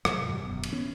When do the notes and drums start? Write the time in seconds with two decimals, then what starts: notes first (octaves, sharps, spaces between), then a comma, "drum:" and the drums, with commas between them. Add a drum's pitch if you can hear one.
0.05 G#2 C3 F#3, drum: rim click
0.27 F#2 D#3 F#3 G3
0.44 E1 F#2 B2
0.64 drum: cymbal
0.73 E3 B3 C#4